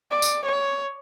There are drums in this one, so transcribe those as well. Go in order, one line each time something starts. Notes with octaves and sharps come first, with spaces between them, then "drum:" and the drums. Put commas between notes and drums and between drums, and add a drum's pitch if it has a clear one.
D5
drum: tambourine
C#5